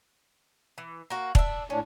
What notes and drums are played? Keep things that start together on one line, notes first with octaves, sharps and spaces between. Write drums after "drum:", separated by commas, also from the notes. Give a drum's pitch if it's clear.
E3
A#3 F#4
D4 E5, drum: kick
A2 C#4 D4